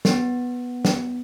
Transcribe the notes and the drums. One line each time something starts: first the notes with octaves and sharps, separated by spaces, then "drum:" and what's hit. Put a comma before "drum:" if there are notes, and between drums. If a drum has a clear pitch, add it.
B3, drum: snare
drum: snare